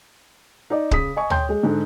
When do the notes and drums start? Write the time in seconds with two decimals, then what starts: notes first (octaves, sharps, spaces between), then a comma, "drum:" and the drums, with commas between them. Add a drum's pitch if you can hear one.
0.70 D#4 D5
0.91 C#3 D#6 B6, drum: kick C#1
1.17 D#5 G#5 C#6
1.30 C#5 G5 C6 G6, drum: tom
1.49 G#3
1.63 G#2 D3 G#3